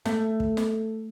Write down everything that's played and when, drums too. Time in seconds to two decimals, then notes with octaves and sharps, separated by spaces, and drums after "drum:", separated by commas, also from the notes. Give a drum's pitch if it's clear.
0.05 A3, drum: snare
0.40 drum: kick
0.57 drum: snare